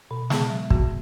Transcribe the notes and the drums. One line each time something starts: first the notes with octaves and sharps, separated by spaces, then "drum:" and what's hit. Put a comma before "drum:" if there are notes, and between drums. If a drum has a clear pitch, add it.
B2
G#3 B3 G#4, drum: snare
F#3
B3 F#4, drum: kick